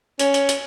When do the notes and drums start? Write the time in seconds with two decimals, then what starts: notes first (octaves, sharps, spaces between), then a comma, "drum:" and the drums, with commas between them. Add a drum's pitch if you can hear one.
0.19 C#4, drum: hi-hat
0.34 drum: hi-hat
0.49 drum: hi-hat